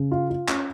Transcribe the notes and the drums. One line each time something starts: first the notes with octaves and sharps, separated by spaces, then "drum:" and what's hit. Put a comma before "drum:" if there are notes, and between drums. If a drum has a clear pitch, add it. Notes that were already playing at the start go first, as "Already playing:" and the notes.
Already playing: C#3
F4
F4
C#4, drum: clap